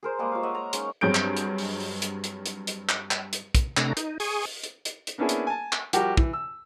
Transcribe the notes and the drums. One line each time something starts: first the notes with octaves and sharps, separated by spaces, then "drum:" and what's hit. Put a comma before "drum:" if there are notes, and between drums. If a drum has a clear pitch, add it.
G#4 A#4 C5
G3 G#3 A#3 D#5
F4 C#5 F5
D#5 E5 F#5 E6
D#5 A#5
G#3 C#4 D#4, drum: hi-hat
G2 F#3 C4 G#4 G6 D7
drum: clap
drum: hi-hat
drum: open hi-hat
drum: open hi-hat
drum: hi-hat
drum: hi-hat
drum: hi-hat
drum: hi-hat
drum: clap
drum: clap
drum: hi-hat
drum: kick, hi-hat
C3 A3 D4 A#5, drum: clap
D#4, drum: hi-hat
G#4 G#5 C#6 D#6, drum: open hi-hat
drum: open hi-hat
drum: hi-hat
drum: hi-hat
drum: hi-hat
A#3 B3 C#4 D4 E4 G#4
drum: hi-hat
G#5 A5
drum: clap
F3 G3 F#4 G4 A#4, drum: hi-hat
E3, drum: kick
E6